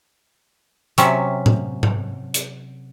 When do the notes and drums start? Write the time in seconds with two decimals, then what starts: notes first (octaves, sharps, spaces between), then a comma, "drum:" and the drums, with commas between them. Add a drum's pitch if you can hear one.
0.98 C3 F#3 C#4 E5, drum: hi-hat
1.46 drum: tom A2
1.83 drum: tom G#2
2.34 drum: hi-hat